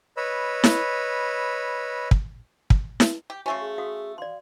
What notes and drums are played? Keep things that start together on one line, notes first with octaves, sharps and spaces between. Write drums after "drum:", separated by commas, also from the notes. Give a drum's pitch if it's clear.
B4 C#5 D#5 B5 E6
drum: snare E4
drum: kick
drum: kick
drum: snare E4
G4
C#3 A3 C#4 F#4 G#5 C#6
G#4
F#4 F5 D#6
D5 F5 C6